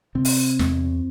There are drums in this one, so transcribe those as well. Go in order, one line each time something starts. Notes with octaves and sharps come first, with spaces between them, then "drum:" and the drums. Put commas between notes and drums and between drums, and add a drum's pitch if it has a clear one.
C3 C4
drum: open hi-hat
E2, drum: snare